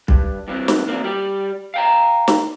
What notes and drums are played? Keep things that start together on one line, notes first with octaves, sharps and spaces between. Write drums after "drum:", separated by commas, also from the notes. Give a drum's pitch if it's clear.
G2, drum: kick B1
G2 E3 C4
drum: snare
E2 A#3 C4
G3 G4
F5 G5 A#5
drum: snare